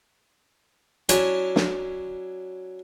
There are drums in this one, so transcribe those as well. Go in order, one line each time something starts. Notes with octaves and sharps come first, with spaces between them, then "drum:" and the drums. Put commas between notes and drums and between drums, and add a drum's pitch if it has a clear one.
F#3 C#4 D4 E4, drum: hi-hat
drum: snare